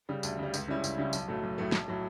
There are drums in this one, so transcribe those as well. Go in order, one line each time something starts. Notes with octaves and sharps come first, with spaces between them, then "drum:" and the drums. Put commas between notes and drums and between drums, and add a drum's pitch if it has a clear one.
C#3 G3
D2, drum: tambourine
C#3 G3
C#2, drum: tambourine
C#3 G3 C#4 E4
C#2, drum: tambourine
C#3 G3 C#4 E4
B1, drum: tambourine
A2 F#3 A3
B1
A2 F#3 A3
B1, drum: snare
A2 F#3